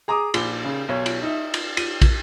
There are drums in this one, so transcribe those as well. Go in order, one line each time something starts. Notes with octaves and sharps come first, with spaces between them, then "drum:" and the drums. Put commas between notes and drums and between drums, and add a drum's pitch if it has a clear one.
G#4 A#5 D6 D#6
A#1 D6 G7, drum: cymbal
C#3
B1 C#5
drum: cymbal
D#4 E5
drum: cymbal
D#7, drum: cymbal
drum: kick, cymbal